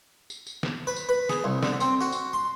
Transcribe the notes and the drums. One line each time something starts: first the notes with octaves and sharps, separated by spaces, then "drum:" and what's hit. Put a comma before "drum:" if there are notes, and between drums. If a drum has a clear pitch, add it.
drum: tambourine
drum: tambourine
drum: snare
B4
drum: tambourine
B4
G#4, drum: snare
C2
D3, drum: snare
C4, drum: tambourine
F#4
drum: tambourine
C6